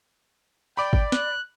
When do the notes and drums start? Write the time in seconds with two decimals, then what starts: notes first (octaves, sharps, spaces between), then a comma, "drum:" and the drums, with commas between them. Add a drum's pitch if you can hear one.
0.77 D5 G5 B5 D6
0.93 drum: kick
1.12 F#6, drum: snare